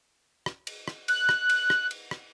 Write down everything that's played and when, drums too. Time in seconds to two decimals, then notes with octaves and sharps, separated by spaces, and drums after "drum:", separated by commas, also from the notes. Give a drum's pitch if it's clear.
0.46 drum: rim click
0.67 drum: cymbal
0.88 drum: rim click
1.08 F#6, drum: cymbal
1.29 drum: rim click
1.49 drum: cymbal
1.70 drum: rim click
1.91 drum: cymbal
2.11 drum: rim click